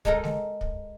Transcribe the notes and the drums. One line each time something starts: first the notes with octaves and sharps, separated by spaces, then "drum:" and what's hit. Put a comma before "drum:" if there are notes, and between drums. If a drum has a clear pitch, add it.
G#3 D#4 A4 A#4, drum: kick
drum: snare
drum: kick